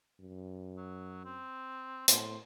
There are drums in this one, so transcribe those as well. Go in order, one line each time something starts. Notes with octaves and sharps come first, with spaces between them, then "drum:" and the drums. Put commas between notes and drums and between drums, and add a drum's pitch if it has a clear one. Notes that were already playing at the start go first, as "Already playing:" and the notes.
F#2
F#3
C4
A2 C5, drum: hi-hat